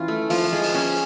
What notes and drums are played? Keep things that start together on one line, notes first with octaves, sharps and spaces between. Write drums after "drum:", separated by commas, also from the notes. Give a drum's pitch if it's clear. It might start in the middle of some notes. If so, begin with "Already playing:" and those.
Already playing: E3 C#4 F4
A3
F3 F4, drum: open hi-hat
G#3
drum: open hi-hat
C#4